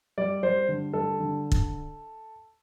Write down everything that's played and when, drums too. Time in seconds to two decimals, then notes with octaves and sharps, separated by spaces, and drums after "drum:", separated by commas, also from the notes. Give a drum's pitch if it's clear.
0.18 G3 D5
0.43 G3 C5
0.68 D3
0.93 G3 A4
1.20 D3
1.52 drum: kick